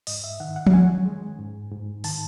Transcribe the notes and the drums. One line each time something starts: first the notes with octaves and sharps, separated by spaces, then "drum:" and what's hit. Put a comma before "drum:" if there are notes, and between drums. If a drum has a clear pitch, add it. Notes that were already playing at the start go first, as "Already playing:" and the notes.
G#2 D#5, drum: open hi-hat
E5
D#3 F#5
F#5
F#5, drum: tom F3
C#4 G#5
G#3
G#2
G#2
D#3 A5, drum: open hi-hat